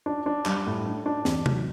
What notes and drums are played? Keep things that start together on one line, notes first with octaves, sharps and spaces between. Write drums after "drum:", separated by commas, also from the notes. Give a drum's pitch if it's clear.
D4
D4
G3, drum: clap
A2
D4
D4
E2, drum: snare C4
F#3, drum: tom